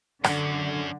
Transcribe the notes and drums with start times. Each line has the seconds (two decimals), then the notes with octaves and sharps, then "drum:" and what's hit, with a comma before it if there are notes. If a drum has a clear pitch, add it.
0.24 F#2 D3, drum: rim click